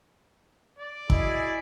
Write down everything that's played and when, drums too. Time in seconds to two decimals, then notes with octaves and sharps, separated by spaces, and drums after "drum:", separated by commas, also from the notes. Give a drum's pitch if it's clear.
0.79 D5
1.10 E4 F#4 G#4 D#5 G#5, drum: kick